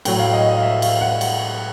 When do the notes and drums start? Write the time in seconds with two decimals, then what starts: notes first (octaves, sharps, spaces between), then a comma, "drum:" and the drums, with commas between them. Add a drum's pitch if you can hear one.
0.05 A2 F#3 G5, drum: cymbal
0.19 F5
0.33 D#5
0.49 D#5
0.57 F5
0.63 E5
0.82 F5, drum: cymbal
1.01 F#5
1.21 drum: cymbal